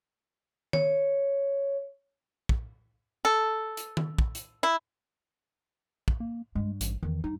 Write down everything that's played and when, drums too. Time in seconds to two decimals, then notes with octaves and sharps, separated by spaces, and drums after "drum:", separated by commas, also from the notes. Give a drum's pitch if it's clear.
0.73 C#5, drum: tom D#3
2.49 drum: kick
3.25 A4
3.77 drum: hi-hat
3.97 drum: tom D#3
4.19 drum: kick
4.35 drum: hi-hat
4.63 E4
6.08 drum: kick
6.20 A#3
6.55 G2 G#3
6.81 A1, drum: hi-hat
7.03 E2 D#3
7.24 G2 D#4